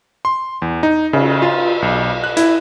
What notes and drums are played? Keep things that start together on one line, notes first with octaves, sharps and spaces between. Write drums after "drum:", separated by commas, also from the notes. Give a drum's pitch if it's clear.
C6
E2
D#4
C#3, drum: cymbal
F4
B1
F#6
E4, drum: hi-hat